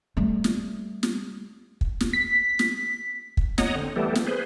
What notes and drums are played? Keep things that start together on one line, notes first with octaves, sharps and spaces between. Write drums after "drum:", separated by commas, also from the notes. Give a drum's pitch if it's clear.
G3 A3
drum: snare
drum: snare
drum: kick
drum: snare
B6
drum: snare
drum: kick
C#5 D#5 F#5 A#5 D#6, drum: snare
D3 C4
E3 G3 A3 B3 G4 A4
drum: snare
G#4 B4 C5